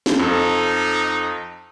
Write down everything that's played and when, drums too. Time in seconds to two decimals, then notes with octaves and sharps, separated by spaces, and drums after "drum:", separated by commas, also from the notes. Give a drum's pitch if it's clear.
0.06 drum: snare
0.19 F2 D#4 A4